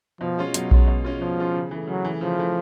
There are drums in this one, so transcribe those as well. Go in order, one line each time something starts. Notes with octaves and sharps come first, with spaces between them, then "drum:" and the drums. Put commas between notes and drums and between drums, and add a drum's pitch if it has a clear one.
B2 F3
G#3 C#4 F4
B2 F#3, drum: hi-hat
G#3 C#4 F4, drum: kick A#1
B2
G#3 C#4 F4
B2 F3
G#3 C#4 F4
C#3
E3 A3
C#3 F#3
E3 A3
C#3 F3
E3 A3